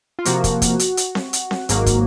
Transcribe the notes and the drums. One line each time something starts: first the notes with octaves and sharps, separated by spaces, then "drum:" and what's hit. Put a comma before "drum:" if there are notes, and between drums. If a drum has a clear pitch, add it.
F4
C3 F3 A#3 F#4, drum: hi-hat
drum: kick, hi-hat
drum: kick, hi-hat
drum: hi-hat
drum: hi-hat
drum: snare C4
drum: hi-hat
drum: snare C4
G#1 G#2 F#3 A#3, drum: hi-hat
drum: kick, hi-hat